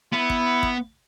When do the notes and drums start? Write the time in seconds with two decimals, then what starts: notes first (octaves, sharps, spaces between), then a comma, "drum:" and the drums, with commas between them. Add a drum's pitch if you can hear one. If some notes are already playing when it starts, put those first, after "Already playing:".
0.13 B3 E4
0.30 drum: kick
0.63 drum: kick